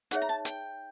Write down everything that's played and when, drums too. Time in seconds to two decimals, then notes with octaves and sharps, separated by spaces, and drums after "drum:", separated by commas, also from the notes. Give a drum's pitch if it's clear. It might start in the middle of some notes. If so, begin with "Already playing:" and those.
0.11 D#4 G#4 C#5 E5 F#5, drum: hi-hat
0.22 A#5
0.29 A5
0.45 G5, drum: hi-hat